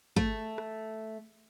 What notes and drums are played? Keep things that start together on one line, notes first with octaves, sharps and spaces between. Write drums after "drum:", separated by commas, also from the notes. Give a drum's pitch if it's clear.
A3, drum: kick
drum: rim click